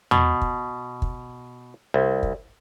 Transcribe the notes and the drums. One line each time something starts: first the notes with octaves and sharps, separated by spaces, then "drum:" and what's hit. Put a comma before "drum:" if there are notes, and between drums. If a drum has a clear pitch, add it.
B2, drum: tom E2
drum: kick
drum: kick
C2
drum: kick